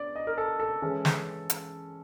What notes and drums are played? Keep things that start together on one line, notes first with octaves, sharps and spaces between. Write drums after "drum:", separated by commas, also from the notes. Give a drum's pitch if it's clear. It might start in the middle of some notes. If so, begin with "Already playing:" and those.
Already playing: B3 D4 D5
D#5
A#4
A4
A4
E3 G#3 C#4
drum: snare
drum: hi-hat